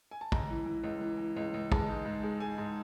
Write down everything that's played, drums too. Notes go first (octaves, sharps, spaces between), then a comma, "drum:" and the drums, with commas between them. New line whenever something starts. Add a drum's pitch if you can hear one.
G#5
A5
C#2 A#5, drum: kick
E3
E3
C#2
E3
E3
C#2
C#2
G#3 A5, drum: kick
G#2
G#2
G#3
G#3 G#5
G#2